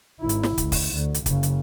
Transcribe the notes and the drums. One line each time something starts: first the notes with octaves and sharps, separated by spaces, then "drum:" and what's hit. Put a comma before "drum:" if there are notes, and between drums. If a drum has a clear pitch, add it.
G#1 E4
drum: hi-hat
drum: snare
C#2, drum: kick, hi-hat
drum: kick, open hi-hat
D2
drum: hi-hat
F#1 C#3, drum: kick, hi-hat
drum: hi-hat